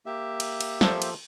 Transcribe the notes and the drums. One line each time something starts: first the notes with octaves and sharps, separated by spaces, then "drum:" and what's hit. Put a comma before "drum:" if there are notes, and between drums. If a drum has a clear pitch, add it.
A#3 G4 E5
drum: cymbal
drum: cymbal
F3 A4 C5, drum: snare
drum: cymbal